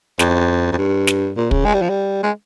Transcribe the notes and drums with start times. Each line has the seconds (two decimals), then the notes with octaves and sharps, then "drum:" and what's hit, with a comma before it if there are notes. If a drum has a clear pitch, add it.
0.19 F2, drum: snare
0.72 F2
0.78 G2
1.07 drum: snare
1.37 A#2
1.51 C#3, drum: kick
1.65 G#3
1.74 G3
1.82 F3
1.90 G3
2.23 G#3